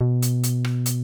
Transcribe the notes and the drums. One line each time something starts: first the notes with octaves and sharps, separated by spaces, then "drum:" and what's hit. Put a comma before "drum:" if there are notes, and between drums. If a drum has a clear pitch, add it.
B2
drum: hi-hat
drum: hi-hat
drum: rim click
drum: hi-hat